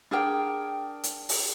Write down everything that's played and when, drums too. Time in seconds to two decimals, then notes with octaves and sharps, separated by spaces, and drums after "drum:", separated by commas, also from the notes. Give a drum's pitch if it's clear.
0.11 D4 G#4 A#4 G5
1.04 drum: hi-hat
1.29 drum: open hi-hat